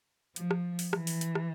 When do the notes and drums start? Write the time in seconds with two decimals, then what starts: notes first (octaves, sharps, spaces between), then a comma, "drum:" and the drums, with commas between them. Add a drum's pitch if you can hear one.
0.36 F3, drum: hi-hat
0.51 drum: rim click
0.79 drum: open hi-hat
0.93 E3, drum: rim click
1.07 drum: open hi-hat
1.21 drum: hi-hat
1.35 drum: rim click